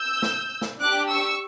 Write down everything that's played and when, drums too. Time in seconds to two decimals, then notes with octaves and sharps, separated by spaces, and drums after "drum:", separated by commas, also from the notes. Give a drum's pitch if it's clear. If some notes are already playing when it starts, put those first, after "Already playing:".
Already playing: E6 G6
0.22 drum: snare
0.61 drum: snare
0.81 D4 G4 D6 F#6
1.11 C#6 E6